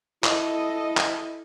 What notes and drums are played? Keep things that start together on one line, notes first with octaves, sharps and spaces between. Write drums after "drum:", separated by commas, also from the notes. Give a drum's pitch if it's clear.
E4 A4 D#5, drum: clap
drum: clap